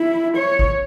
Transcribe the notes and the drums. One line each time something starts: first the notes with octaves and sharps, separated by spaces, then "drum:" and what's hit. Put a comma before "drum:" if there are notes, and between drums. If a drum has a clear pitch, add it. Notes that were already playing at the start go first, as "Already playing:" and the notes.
Already playing: E4
C#5
drum: kick